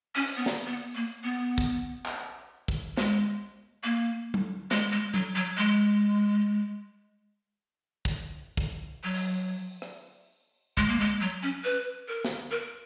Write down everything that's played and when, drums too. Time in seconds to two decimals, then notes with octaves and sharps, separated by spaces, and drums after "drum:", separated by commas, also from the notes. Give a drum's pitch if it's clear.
0.15 C#4, drum: open hi-hat
0.37 B3
0.46 drum: snare
0.66 B3
0.95 A#3
1.24 B3
1.58 drum: kick
2.06 drum: clap
2.68 drum: kick
2.97 G#3, drum: snare
3.84 A#3
4.34 drum: tom F#3
4.71 G#3, drum: snare
4.92 G#3
5.14 F#3, drum: tom F#3
5.35 F#3
5.58 G#3
8.05 drum: kick
8.57 drum: kick
9.04 F#3
9.14 drum: open hi-hat
9.82 drum: rim click
10.77 G#3, drum: kick
10.89 A#3
11.00 G#3
11.21 F#3
11.43 C#4
11.64 B4
12.08 A#4
12.25 drum: snare
12.51 A#4